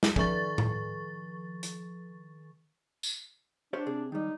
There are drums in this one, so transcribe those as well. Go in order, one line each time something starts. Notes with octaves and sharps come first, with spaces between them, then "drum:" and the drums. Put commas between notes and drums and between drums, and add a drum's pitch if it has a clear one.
drum: snare
D#3 F3 C#6 A6, drum: kick
drum: tom A2
drum: hi-hat
drum: tambourine
D4 G4 C5 C#5
C3 G#4
D#3 G3 D#4